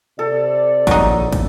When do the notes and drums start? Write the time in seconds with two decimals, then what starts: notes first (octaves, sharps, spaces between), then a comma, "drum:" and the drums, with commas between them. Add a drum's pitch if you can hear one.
0.19 C3 A4 D5
0.87 A#1 F#3 D#4, drum: kick, cymbal
1.32 drum: kick, cymbal